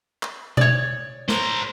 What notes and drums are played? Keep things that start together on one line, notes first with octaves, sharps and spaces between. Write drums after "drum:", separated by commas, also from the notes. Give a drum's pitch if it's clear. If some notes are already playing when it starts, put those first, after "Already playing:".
drum: clap
C#5 D5, drum: tom B2
A#4 C5, drum: snare